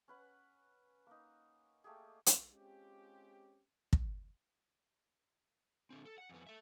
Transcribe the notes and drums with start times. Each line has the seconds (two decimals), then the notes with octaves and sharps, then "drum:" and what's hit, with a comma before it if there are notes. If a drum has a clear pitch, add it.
0.08 C#4 B4 F#5
1.07 A#3 D#4
1.84 A3 A#3 G4 G#4
2.26 drum: hi-hat
2.53 G#3 C4 C#4 F4 G4
3.93 drum: kick
5.90 D3 C4
6.05 A4
6.18 F#5
6.30 F2 B3
6.47 A4 E5